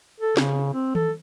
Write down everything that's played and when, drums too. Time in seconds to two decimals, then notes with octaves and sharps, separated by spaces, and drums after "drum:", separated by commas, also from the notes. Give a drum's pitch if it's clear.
0.20 A4
0.37 C#3, drum: snare
0.74 C4
0.95 A4, drum: tom D#3